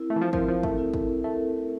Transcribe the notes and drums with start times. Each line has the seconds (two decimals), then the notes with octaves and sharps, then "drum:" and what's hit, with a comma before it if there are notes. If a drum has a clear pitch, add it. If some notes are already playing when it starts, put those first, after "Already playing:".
Already playing: C4 E4 A#4
0.10 A3
0.16 E3
0.22 F3
0.33 F3 C4 E4 A#4, drum: kick G#1
0.48 F3
0.63 A3, drum: kick G#1
0.78 C4 E4 A#4
0.94 drum: kick G#1
1.24 A3 C4 E4 A#4